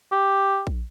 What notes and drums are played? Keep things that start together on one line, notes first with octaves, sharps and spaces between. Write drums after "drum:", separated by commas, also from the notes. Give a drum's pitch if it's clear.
G4
drum: kick A#1